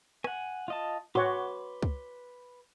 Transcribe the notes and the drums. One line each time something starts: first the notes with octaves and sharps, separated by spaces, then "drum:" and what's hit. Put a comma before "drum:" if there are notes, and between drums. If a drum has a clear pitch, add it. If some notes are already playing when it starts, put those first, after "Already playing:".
F#5 G#5, drum: rim click
F4 D#5 A5
F#4 B4 C#5 F#5 C6 D6, drum: tom G#2
drum: kick